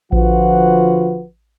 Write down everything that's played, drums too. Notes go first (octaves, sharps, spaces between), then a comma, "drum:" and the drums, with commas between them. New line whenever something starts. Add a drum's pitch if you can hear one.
D3 F3 F4 F#4 B4 F#5, drum: kick A1